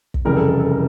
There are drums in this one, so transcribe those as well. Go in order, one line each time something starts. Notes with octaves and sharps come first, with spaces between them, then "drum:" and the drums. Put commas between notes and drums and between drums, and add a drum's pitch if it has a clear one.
drum: kick
F1 F2 C#3 E3 G3 A#4
A4
A4
A4
A#4